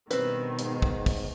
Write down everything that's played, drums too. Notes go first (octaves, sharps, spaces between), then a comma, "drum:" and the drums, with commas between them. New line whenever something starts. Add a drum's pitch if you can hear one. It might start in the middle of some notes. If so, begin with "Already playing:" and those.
G2 B2 D#3 C4 B4, drum: hi-hat
G#2, drum: hi-hat
drum: kick
drum: kick, open hi-hat